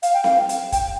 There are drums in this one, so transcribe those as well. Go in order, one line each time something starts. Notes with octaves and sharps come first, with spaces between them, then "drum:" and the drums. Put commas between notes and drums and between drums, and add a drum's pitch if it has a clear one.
F5, drum: hi-hat
G5
F5, drum: snare C4
drum: hi-hat
G5, drum: kick, hi-hat